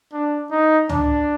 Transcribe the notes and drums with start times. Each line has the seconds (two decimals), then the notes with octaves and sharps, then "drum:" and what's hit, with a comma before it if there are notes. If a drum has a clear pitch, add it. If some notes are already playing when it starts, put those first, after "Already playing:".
0.13 D4
0.51 D#4
0.89 D4, drum: tom C#2